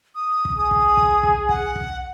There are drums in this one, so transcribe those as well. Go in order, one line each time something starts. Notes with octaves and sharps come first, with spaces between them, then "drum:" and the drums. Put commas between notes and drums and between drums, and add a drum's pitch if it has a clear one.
D#6
drum: kick
G#4 D#6
drum: kick
drum: kick
drum: kick
F#5, drum: kick
drum: kick